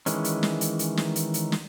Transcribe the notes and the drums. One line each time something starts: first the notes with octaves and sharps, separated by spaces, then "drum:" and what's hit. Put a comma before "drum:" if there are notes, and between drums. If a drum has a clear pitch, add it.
D#3 E3 G#3 C#4, drum: hi-hat
drum: hi-hat
drum: snare
drum: hi-hat
drum: hi-hat
drum: snare
drum: hi-hat
drum: hi-hat
drum: snare